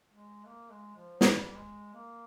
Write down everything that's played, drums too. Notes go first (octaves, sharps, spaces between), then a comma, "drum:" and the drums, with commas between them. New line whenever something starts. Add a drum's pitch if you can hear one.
G#3
A#3
G#3
F3
G3, drum: snare
G3
G#3
A#3